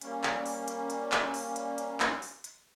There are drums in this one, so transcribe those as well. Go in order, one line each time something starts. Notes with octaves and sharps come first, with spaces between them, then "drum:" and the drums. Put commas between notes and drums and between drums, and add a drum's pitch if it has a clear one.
G3 A#3 C#4, drum: hi-hat
drum: clap
drum: open hi-hat
drum: hi-hat
drum: hi-hat
drum: clap
drum: open hi-hat
drum: hi-hat
drum: hi-hat
drum: clap
drum: open hi-hat
drum: hi-hat